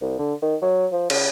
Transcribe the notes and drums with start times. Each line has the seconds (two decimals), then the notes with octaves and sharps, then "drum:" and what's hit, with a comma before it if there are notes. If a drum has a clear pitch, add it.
0.01 C2
0.19 D3
0.42 D#3
0.62 F#3
0.92 F3
1.10 C#3, drum: cymbal